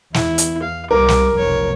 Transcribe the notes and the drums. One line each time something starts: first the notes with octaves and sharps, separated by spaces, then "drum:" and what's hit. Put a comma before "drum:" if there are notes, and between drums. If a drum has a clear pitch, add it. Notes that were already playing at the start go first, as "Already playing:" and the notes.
E2 E4, drum: snare
drum: hi-hat
F5
C2 G3 A#4 D6
drum: snare
F1 B1 C#5